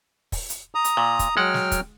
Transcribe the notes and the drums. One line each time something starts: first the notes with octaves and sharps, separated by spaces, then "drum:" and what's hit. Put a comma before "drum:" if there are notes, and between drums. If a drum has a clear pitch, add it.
drum: kick, open hi-hat
drum: hi-hat
A#5 D#6
drum: hi-hat
A#2
drum: kick, hi-hat
F#3 G#3 F#5 G5 F6
drum: snare
drum: kick, hi-hat